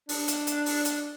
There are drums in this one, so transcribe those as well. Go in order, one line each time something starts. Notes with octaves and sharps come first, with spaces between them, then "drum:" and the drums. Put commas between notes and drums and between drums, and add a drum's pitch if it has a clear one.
D4, drum: open hi-hat
drum: hi-hat
drum: hi-hat
drum: open hi-hat
drum: hi-hat